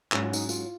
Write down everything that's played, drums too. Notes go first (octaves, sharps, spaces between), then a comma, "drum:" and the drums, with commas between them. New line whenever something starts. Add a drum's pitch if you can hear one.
G#2 F#3 C#4 D#4, drum: clap
F4
D#4, drum: tambourine
F4, drum: tambourine